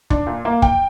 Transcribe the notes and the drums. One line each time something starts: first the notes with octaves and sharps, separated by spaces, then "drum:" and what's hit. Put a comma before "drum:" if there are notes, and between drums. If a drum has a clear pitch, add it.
D4, drum: kick
A#2
A#3
G5, drum: kick